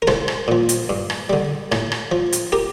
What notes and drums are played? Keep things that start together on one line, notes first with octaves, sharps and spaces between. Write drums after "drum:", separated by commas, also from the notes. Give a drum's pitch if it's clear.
A#4
C2 A4 C5, drum: rim click
drum: rim click
A#2 F3
drum: hi-hat
G2
drum: rim click
D3 G3
A2, drum: rim click
drum: rim click
F3
drum: hi-hat
G4 A#4